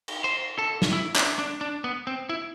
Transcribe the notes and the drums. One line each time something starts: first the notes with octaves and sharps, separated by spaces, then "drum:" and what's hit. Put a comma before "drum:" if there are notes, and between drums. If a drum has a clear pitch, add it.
drum: cymbal
C5
A4
drum: snare
E4
D4, drum: clap
D4
D4
B3
C4
E4